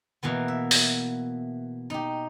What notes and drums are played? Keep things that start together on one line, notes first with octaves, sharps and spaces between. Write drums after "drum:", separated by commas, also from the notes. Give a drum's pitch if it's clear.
B2 E3 A#3 B3
E5
drum: open hi-hat
D#4 G4